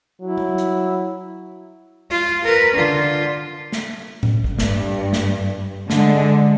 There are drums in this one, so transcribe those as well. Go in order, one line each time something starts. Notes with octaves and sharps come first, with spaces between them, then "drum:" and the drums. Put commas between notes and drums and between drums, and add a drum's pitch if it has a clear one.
F#3 E4
drum: tom G3
drum: hi-hat
F4, drum: open hi-hat
A#4 B4
D3 F4
drum: snare
drum: tom A2
drum: kick
G2, drum: snare
drum: snare
D3 G#3, drum: snare